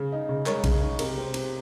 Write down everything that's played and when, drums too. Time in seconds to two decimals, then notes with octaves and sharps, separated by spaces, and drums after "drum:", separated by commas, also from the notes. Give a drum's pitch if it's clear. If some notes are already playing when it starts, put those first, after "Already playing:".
Already playing: C#3
0.12 D#4
0.29 C#3
0.46 G#3 A#4 C#5, drum: clap
0.64 C#3, drum: kick, cymbal
0.81 D#4
0.99 C3 A#4, drum: cymbal
1.18 C4
1.34 C3, drum: cymbal